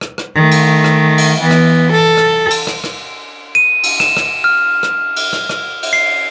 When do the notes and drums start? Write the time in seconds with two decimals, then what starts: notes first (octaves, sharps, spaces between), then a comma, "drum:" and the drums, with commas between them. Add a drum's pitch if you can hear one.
0.01 drum: rim click
0.18 drum: rim click
0.35 D#3 A3
0.51 drum: cymbal
0.84 drum: rim click
1.18 drum: cymbal
1.39 E3 B3
1.51 drum: rim click
1.91 A4
2.17 drum: rim click
2.51 drum: cymbal
2.67 drum: rim click
2.84 drum: rim click
3.55 D#7
3.83 drum: cymbal
4.00 E7, drum: rim click
4.17 drum: rim click
4.44 F6
4.83 drum: rim click
5.16 drum: cymbal
5.33 drum: rim click
5.49 drum: rim click
5.83 drum: cymbal
5.93 C7